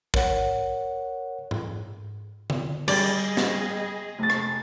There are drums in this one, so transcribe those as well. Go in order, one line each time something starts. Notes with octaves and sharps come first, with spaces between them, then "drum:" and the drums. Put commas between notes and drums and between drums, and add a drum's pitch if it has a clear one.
A#4 C#5 F#5, drum: kick
drum: tom G#2
drum: tom D3
G3 G#4 D5 D#5, drum: cymbal
drum: snare
F1 A6
drum: rim click